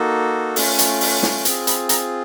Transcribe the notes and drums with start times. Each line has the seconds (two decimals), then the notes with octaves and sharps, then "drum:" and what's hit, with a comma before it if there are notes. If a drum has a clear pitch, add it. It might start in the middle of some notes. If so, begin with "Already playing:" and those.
Already playing: A#3 D#4 F#4 A4
0.56 A3 C#4 F4, drum: open hi-hat
0.79 drum: hi-hat
1.01 drum: open hi-hat
1.23 drum: snare
1.45 C4 F4 G#4, drum: hi-hat
1.67 B5, drum: hi-hat
1.89 A#5, drum: hi-hat